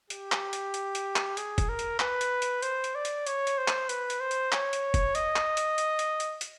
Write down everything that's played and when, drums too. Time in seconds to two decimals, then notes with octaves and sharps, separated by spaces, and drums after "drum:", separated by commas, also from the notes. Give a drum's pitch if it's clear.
0.10 G4, drum: hi-hat
0.32 drum: clap
0.53 drum: hi-hat
0.74 drum: hi-hat
0.95 drum: hi-hat
1.16 drum: clap
1.37 G#4, drum: hi-hat
1.58 drum: kick, hi-hat
1.69 A#4
1.79 drum: hi-hat
2.00 B4, drum: clap
2.21 drum: hi-hat
2.42 drum: hi-hat
2.62 C5, drum: hi-hat
2.84 drum: hi-hat
2.95 D5
3.05 drum: hi-hat
3.27 C#5, drum: hi-hat
3.47 drum: hi-hat
3.58 C5
3.68 drum: clap
3.89 B4, drum: hi-hat
4.10 drum: hi-hat
4.20 C5
4.31 drum: hi-hat
4.52 C#5, drum: clap
4.73 drum: hi-hat
4.94 drum: kick, hi-hat
5.15 D#5, drum: hi-hat
5.36 drum: clap
5.57 drum: hi-hat
5.78 drum: hi-hat
5.99 drum: hi-hat
6.20 drum: hi-hat
6.41 drum: hi-hat